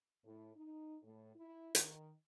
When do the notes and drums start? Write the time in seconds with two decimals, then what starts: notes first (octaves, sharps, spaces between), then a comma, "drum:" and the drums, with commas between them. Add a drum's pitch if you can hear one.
0.24 A2
0.55 D#4
1.03 A2
1.35 E4
1.75 D#3, drum: hi-hat